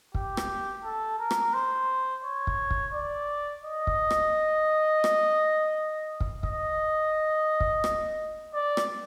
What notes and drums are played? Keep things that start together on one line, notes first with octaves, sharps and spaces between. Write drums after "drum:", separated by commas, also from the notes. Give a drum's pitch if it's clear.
G4, drum: kick
drum: rim click
A4
A#4
drum: rim click
C5
C#5
drum: kick
drum: kick
D5
D#5
drum: kick
drum: rim click
drum: rim click
drum: kick
D#5, drum: kick
drum: kick
drum: rim click
D5
drum: rim click